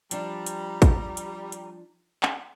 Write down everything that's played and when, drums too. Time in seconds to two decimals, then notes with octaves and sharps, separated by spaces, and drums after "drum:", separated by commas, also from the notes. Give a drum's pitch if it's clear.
0.11 F3 G3 D4 A#5, drum: hi-hat
0.46 drum: hi-hat
0.82 drum: kick, hi-hat
1.17 drum: hi-hat
1.52 drum: hi-hat
2.23 drum: clap